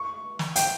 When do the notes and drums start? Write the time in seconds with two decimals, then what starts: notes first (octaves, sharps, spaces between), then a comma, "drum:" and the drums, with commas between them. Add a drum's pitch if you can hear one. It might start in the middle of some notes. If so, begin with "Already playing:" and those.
Already playing: C#6
0.39 drum: snare
0.56 G5, drum: hi-hat